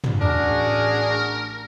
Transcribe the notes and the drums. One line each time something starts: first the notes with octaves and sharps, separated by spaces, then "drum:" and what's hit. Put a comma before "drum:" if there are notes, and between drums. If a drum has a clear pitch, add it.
drum: tom
A1 D4 F#4 G#4 A#4